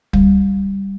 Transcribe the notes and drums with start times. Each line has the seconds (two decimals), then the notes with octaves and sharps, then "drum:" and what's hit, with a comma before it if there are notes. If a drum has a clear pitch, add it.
0.13 G3, drum: kick